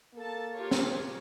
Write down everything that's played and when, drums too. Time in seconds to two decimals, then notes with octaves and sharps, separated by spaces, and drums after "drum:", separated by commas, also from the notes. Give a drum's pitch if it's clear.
0.14 A#3 A4 A5
0.54 F4 G4 C#5
0.71 drum: snare